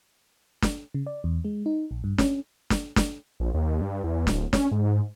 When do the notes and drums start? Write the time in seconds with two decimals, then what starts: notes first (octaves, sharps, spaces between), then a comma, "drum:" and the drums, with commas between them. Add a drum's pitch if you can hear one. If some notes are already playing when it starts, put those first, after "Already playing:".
0.62 drum: snare
0.94 C#3
1.06 D5
1.24 E2
1.45 G#3
1.66 D#4
1.91 A#1
2.04 G2
2.18 C#4, drum: snare
2.70 drum: snare
2.96 drum: snare
3.40 A#1
3.54 D#2
3.81 G2
4.04 E2
4.27 D1, drum: snare
4.53 C#4, drum: snare
4.72 G#2